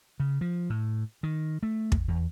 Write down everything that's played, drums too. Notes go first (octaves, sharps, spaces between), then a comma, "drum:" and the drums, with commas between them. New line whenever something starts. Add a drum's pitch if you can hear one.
C#3
F3
A2
D#3
A3
drum: kick
E2